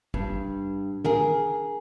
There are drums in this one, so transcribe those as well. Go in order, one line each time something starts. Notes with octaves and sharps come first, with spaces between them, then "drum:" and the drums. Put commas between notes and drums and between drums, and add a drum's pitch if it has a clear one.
G2, drum: kick
G#4 A#4, drum: tom